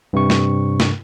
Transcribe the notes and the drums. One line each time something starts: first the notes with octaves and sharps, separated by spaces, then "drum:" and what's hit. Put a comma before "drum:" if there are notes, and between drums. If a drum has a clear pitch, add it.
G2 C3 C#6
drum: snare
drum: snare